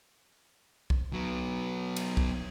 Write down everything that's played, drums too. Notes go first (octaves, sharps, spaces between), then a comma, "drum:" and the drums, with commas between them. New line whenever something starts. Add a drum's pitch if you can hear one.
drum: kick B1
F#3 B3
drum: cymbal
drum: kick B1